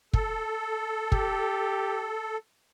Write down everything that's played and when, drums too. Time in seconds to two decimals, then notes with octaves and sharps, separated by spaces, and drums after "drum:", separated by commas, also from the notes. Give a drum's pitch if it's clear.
0.14 A4, drum: kick
1.12 G4, drum: kick